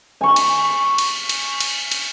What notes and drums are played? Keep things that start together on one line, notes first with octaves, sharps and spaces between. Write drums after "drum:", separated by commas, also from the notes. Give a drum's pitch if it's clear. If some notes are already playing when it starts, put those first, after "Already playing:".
G#5 C#6
drum: cymbal
drum: cymbal
drum: cymbal
drum: cymbal
drum: cymbal